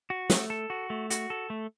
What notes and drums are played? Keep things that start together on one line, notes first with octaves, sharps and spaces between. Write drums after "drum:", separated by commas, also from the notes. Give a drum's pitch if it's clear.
F#4
A3, drum: snare
A4
F#4
A3
F#4, drum: hi-hat
A4
A3